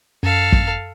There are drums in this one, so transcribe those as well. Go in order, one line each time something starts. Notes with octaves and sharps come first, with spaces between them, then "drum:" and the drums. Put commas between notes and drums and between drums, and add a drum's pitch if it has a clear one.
F#2 A4 F5
drum: kick